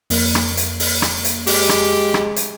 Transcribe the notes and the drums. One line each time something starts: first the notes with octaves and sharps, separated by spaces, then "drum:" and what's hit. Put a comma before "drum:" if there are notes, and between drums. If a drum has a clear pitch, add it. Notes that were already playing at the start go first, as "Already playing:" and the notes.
F2 A#3, drum: open hi-hat
drum: rim click
drum: hi-hat
drum: open hi-hat
drum: rim click
drum: hi-hat
G#3 G4, drum: open hi-hat
drum: rim click
drum: rim click
drum: hi-hat